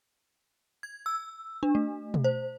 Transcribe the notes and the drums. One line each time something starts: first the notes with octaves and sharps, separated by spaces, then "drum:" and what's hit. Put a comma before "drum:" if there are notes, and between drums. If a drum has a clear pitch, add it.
G#6
E6
D4
A3
drum: tom B2
C5